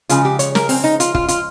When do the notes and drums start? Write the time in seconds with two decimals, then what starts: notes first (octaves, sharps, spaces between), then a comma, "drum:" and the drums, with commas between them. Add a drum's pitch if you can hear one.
0.09 C#3 F3 G#3 F4, drum: hi-hat
0.25 G4
0.39 C#5, drum: hi-hat
0.55 A#4, drum: snare
0.69 C4, drum: open hi-hat
0.84 D#4
1.00 F4, drum: hi-hat
1.15 F4, drum: kick
1.28 F4, drum: hi-hat